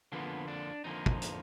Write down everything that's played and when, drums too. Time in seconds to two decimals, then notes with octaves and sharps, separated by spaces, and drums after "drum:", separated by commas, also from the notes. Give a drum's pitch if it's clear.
0.12 F2 D3 F3 A#3 B3
0.48 D4
0.84 F2 D3 F3 A#3 D#4
1.06 drum: kick
1.22 drum: hi-hat